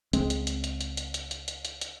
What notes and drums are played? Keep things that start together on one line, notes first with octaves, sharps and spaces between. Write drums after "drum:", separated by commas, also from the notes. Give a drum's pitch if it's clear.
C#2 G#3 C4, drum: hi-hat
drum: hi-hat
drum: hi-hat
drum: hi-hat
drum: hi-hat
drum: hi-hat
drum: hi-hat
drum: hi-hat
drum: hi-hat
drum: hi-hat
drum: hi-hat